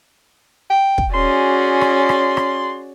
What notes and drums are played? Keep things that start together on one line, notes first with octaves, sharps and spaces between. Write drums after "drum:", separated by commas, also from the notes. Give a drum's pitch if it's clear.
G5
drum: kick
C#4 F#4 G#4 D5 C6
drum: rim click
drum: rim click
drum: rim click